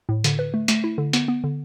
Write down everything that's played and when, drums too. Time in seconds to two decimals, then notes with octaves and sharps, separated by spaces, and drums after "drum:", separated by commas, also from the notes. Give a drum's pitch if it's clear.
0.09 A2
0.24 D3, drum: hi-hat
0.39 B4
0.54 A3
0.68 A3, drum: hi-hat
0.84 E4
0.98 D3
1.13 B3, drum: hi-hat
1.28 B3
1.44 D3